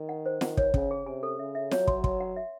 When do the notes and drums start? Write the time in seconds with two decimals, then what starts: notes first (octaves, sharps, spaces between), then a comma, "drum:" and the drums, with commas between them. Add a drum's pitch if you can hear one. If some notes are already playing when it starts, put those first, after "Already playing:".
Already playing: D#3
0.09 F#5
0.26 C5
0.41 D#3 F#5, drum: snare
0.57 C#5, drum: kick
0.74 C#3 C#4, drum: kick
0.91 G#4
1.06 C3 G#5
1.23 A4
1.39 C#3 E5
1.55 E5
1.71 F#3 C#5, drum: snare
1.88 C6, drum: kick
2.04 C6, drum: kick
2.20 F#5
2.36 E5